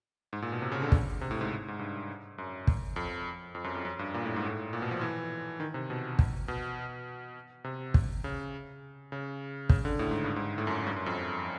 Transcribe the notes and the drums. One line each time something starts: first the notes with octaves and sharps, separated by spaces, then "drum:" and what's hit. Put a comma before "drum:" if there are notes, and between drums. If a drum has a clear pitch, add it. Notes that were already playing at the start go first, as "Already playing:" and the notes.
G#2
A#2
B2
C3
C#3
D3
drum: kick
C3
A2
G#2
G#2
G2
F#2
drum: kick
F2
F2
F#2
F2
F#2
G2
A#2
A2
G#2
A2
A#2
B2
F3
E3
D#3
C3
B2
drum: kick
B2
C3
drum: kick
C#3
C#3
C#3, drum: kick
D3
A2
G#2
G2
G#2
A2
F#2
G2
F#2
F2